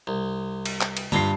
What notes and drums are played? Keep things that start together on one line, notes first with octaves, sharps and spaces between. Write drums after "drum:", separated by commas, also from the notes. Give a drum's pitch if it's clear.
C2
drum: cymbal
drum: clap
drum: cymbal
G2 F4 E5 A#5 C7, drum: tom D3